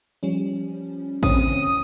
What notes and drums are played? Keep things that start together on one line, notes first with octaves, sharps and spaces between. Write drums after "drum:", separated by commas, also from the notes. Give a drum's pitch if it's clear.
F3 G3 C#4
D3 C4 C#4 D#6, drum: kick A1